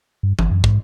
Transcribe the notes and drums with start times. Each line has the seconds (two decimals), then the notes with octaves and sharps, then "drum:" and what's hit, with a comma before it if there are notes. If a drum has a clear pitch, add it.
0.23 G2
0.39 G1, drum: tom E3
0.51 F#2
0.64 G#2, drum: kick